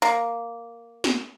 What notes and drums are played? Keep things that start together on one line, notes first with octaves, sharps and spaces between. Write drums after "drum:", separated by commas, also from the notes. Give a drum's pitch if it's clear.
A#3
drum: snare